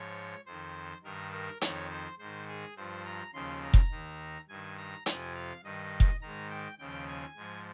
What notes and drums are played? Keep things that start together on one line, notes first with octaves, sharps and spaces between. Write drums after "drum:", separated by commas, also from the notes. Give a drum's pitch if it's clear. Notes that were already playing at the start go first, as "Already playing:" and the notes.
Already playing: G#2 F3 C#5
F2 D#3 C5
G2 D#3 A#4
A#4
F2 D#3 C#5, drum: hi-hat
C5
G#2 D#3 C5
G#4
G2 F3 C5
A#5
D#2 C#3 F3 C6
A#5
drum: kick F1
D#2 D#3
G2 D#3 G#5
A#5
F2 C3 F3 G#5, drum: hi-hat
F5
G2 D#3 D#5
drum: kick F1
G#2 D#3 A#5
G5
D#2 C#3 F3 G5
G#5
G#2 F3